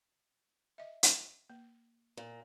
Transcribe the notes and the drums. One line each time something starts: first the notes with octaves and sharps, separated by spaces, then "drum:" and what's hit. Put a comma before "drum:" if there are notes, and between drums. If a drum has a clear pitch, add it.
D#5 E5
drum: hi-hat
A#3
A#2